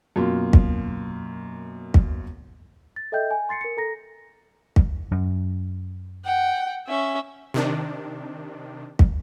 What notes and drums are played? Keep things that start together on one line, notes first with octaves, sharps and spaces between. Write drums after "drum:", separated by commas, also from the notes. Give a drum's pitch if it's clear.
F#2 B2 A#3 F4
drum: kick
drum: kick
A6
A4 D#5 E5 G5 G6
G#5
C6 A6 C7 C#7
A#4 C#7
A4 A#5 A#6
drum: kick
F#2
F#5 G5
C#4 E5
C3 D#3 D4
drum: kick